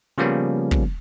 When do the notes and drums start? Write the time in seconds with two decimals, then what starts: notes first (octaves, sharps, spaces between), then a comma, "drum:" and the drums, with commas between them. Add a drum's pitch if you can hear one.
0.18 C#3 F3 G3 A#3 B3 C#4
0.71 drum: kick